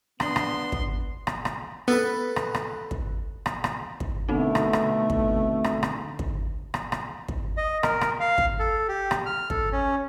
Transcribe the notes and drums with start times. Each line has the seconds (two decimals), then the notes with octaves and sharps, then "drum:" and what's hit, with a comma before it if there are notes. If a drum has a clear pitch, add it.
0.20 B3 D4 C6, drum: rim click
0.36 drum: rim click
0.72 drum: kick
1.27 drum: rim click
1.45 drum: rim click
1.88 B3 A4 B4
2.36 drum: rim click
2.54 drum: rim click
2.91 drum: kick
3.46 drum: rim click
3.64 drum: rim click
4.00 drum: kick
4.29 B2 D3 A3 C4 D#4
4.55 drum: rim click
4.73 drum: rim click
5.10 drum: kick
5.64 drum: rim click
5.83 drum: rim click
6.19 drum: kick
6.74 drum: rim click
6.92 drum: rim click
7.28 drum: kick
7.57 D#5
7.83 A#4, drum: rim click
8.01 drum: rim click
8.20 F5
8.38 drum: kick
8.59 A4
8.88 G4
9.11 drum: rim click
9.26 F6
9.50 A4, drum: kick
9.72 C#4